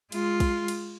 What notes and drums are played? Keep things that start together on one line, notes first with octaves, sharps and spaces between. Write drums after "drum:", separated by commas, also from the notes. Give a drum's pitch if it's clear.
G#3 F4, drum: cymbal
drum: kick, cymbal
drum: cymbal